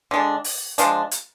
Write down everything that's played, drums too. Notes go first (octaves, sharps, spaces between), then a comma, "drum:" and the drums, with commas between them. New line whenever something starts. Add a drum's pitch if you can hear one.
D3 G#3 D4
drum: open hi-hat
F3 G#3 D4, drum: hi-hat
drum: hi-hat